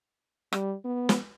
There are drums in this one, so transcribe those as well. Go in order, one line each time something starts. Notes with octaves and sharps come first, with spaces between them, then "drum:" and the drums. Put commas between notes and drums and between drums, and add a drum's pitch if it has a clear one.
G3, drum: rim click
B3
drum: snare